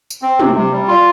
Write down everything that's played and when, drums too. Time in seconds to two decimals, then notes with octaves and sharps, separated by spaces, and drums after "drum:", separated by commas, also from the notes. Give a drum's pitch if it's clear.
0.10 drum: tambourine
0.22 C4
0.40 C3, drum: tom
0.55 C3
0.72 G3
0.88 F4